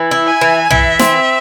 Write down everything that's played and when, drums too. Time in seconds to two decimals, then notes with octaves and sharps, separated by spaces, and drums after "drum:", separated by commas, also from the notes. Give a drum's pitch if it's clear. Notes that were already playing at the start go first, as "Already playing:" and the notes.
Already playing: E3
0.11 E4
0.27 G#5
0.41 E3
0.71 E3 E5, drum: tom B1
0.99 C4, drum: snare